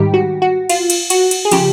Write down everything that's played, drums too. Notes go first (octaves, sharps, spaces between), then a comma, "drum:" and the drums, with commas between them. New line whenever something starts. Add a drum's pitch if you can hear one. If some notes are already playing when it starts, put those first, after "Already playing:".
Already playing: G#2 D#3 G3 G4
F#4
F#4
F4, drum: cymbal
drum: cymbal
F#4, drum: cymbal
drum: cymbal
G#4
C#3 F3 G4, drum: cymbal